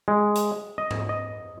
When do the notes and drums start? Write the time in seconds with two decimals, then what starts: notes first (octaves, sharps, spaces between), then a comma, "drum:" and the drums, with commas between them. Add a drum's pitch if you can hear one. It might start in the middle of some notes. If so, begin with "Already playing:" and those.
0.08 G#3
0.35 drum: hi-hat
0.78 D#5
0.91 drum: tom G#2
1.09 D#5